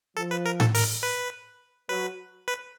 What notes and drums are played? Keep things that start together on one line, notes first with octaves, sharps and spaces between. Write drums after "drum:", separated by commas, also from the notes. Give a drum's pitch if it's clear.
F3 A4
B4
A#4
A4, drum: tom A2
A#4, drum: open hi-hat
B4
F#3 B4
B4